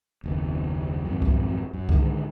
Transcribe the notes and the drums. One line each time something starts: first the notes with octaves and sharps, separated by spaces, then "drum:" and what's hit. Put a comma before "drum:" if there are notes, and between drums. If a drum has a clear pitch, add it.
F#1 D#2
G#1 F2 F#3
drum: kick C2
F#2
D3 D#3 G3 G#3, drum: kick C2